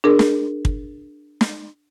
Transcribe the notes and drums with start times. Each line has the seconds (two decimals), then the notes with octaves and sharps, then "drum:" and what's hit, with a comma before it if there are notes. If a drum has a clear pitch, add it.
0.04 D4 G#4 A#4
0.19 drum: snare
0.65 drum: kick
1.41 drum: snare